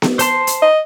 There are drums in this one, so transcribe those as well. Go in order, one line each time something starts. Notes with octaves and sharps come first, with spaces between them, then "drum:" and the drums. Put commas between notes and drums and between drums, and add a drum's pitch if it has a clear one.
drum: snare B3
C5 A5 C6, drum: hi-hat
drum: hi-hat
D#5